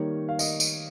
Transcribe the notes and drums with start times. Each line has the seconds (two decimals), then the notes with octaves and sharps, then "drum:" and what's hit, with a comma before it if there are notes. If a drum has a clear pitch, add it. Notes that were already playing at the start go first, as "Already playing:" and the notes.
Already playing: D#3 G3 A#3 D#4 C#5
0.29 F5
0.39 D#5, drum: tambourine
0.60 drum: tambourine